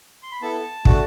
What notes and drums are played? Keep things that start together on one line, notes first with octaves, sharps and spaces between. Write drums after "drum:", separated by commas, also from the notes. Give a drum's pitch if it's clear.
C6
B5
B3 E4 A4 A5
A3 D4 F#4, drum: kick